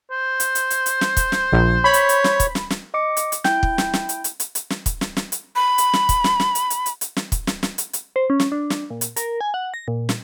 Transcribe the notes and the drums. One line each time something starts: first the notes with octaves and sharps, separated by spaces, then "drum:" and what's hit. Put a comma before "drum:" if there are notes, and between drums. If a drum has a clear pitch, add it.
C5
drum: hi-hat
drum: hi-hat
drum: hi-hat
drum: hi-hat
drum: snare
drum: kick, hi-hat
drum: snare
A#1
C#5 B5
drum: hi-hat
drum: hi-hat
drum: snare
drum: kick, hi-hat
drum: snare
drum: snare
D#5 D6 C#7
drum: hi-hat
drum: hi-hat
E4 G5 G6, drum: snare
drum: kick
drum: snare
drum: snare
drum: hi-hat
drum: hi-hat
drum: hi-hat
drum: hi-hat
drum: snare
drum: kick, hi-hat
drum: snare
drum: snare
drum: hi-hat
B5
drum: hi-hat
drum: snare
drum: kick, hi-hat
drum: snare
drum: snare
drum: hi-hat
drum: hi-hat
drum: hi-hat
drum: hi-hat
drum: snare
drum: kick, hi-hat
drum: snare
drum: snare
drum: hi-hat
drum: hi-hat
C5
C#4
drum: snare
D4
drum: snare
A#2
drum: hi-hat
A#4, drum: hi-hat
G#5
F#5
A#6
A#2
drum: snare